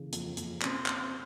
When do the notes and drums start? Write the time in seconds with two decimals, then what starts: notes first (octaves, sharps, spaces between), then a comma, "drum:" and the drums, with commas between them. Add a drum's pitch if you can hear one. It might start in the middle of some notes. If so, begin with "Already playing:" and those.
Already playing: C#3 E3
0.13 F2, drum: hi-hat
0.37 F2, drum: hi-hat
0.62 C4 C#4, drum: clap
0.86 drum: clap